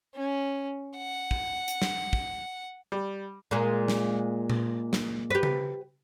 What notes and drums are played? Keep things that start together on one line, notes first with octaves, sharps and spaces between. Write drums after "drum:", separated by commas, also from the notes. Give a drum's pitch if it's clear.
C#4
F#5
drum: kick
drum: hi-hat
drum: snare
drum: kick
G3
A#2 G#3 A#3
drum: snare
drum: tom A#2
drum: snare
G4 B4
drum: tom C#3